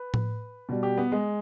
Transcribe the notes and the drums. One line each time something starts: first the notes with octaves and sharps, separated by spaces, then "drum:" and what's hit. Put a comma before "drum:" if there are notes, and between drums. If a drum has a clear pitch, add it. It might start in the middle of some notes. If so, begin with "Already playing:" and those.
Already playing: B4
drum: tom A2
B2 G3
G4
B3
G#3